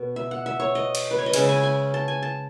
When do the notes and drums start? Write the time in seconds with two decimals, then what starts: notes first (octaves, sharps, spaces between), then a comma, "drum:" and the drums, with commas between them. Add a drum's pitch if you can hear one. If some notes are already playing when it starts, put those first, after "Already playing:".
Already playing: B2
0.16 E5
0.31 F#5
0.46 E5
0.60 C#5
0.75 D#5
0.95 drum: cymbal
1.11 B4
1.18 C#5
1.26 D#5
1.34 C#3 G#3 C#4 E5, drum: cymbal
1.49 G#5
1.63 G#5
1.94 A5
2.08 G#5
2.23 A5